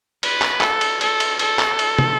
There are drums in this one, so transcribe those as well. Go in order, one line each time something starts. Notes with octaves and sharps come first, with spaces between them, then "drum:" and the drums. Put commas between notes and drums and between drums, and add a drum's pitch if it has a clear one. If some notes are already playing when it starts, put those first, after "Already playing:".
B4, drum: cymbal
drum: clap
A4, drum: clap
drum: cymbal
A4, drum: cymbal
drum: cymbal
A4, drum: cymbal
drum: clap
drum: cymbal
drum: tom